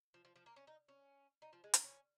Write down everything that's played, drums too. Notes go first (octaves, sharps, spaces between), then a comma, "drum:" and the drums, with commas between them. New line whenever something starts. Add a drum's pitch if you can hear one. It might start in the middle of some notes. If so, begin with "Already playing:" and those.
F3
F3
F3
A#3
C#4
D#4
C#4
D#4
F3
G#3
A#3, drum: hi-hat
C#4